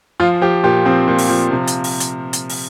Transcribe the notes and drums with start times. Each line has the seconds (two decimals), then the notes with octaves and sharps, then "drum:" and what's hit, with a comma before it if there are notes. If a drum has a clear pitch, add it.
0.20 F3 F4
0.41 F3 G4
0.64 A#2 G4
0.85 F3 C4
1.08 A#2
1.18 drum: open hi-hat
1.29 F3
1.51 C3
1.68 drum: hi-hat
1.84 drum: open hi-hat
2.00 drum: hi-hat
2.33 drum: hi-hat
2.49 drum: open hi-hat